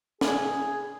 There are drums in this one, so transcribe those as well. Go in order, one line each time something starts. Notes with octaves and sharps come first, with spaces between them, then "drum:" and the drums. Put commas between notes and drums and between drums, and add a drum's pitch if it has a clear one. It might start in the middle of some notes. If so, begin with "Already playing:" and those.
G#4, drum: snare